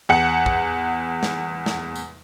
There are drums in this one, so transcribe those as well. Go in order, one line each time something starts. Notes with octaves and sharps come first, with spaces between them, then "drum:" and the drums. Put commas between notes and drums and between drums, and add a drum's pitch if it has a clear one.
E2 F#5
drum: kick
drum: snare
drum: snare
drum: tambourine